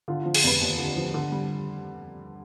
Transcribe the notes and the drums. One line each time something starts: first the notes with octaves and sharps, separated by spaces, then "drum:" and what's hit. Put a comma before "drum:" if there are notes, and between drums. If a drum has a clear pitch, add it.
D3 F4
F4
F3
G#4, drum: cymbal
F1 B4
D#2
D3
F3
D3
G3